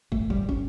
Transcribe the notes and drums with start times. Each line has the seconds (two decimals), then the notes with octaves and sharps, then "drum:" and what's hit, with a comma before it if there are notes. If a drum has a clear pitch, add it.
0.12 G1 A3, drum: kick
0.30 G3, drum: kick
0.36 G1
0.49 C#4, drum: kick